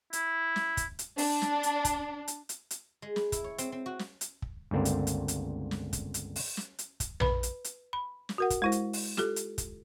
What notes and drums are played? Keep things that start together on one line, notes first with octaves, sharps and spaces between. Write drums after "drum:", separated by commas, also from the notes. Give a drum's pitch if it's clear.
E4, drum: hi-hat
drum: snare
drum: kick, hi-hat
drum: hi-hat
D4, drum: open hi-hat
drum: snare
drum: hi-hat
drum: kick, hi-hat
drum: hi-hat
drum: hi-hat
drum: hi-hat
G#3
B5, drum: snare
E4, drum: kick, hi-hat
C#5
C4, drum: hi-hat
C4
F#4
drum: snare
drum: hi-hat
drum: kick
G1 C#2 D3 A#3 C4
drum: hi-hat
drum: hi-hat
drum: hi-hat
drum: snare
drum: kick, hi-hat
drum: hi-hat
drum: open hi-hat
drum: snare
drum: hi-hat
drum: kick, hi-hat
B4 B5, drum: tom A#1
drum: hi-hat
drum: hi-hat
B5
drum: snare
F#4 A#4 F#5
drum: kick, hi-hat
G#3 E4 C5
drum: hi-hat
drum: open hi-hat
F4 G4 A4, drum: snare
drum: hi-hat
drum: kick, hi-hat